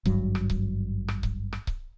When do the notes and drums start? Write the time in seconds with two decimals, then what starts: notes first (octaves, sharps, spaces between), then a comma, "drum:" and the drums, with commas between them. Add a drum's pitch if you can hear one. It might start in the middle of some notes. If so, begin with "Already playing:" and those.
0.05 G#1 G2 F#3, drum: kick C#1
0.35 drum: rim click
0.50 drum: kick C#1
1.08 drum: rim click
1.23 drum: kick C#1
1.53 drum: rim click
1.67 drum: kick C#1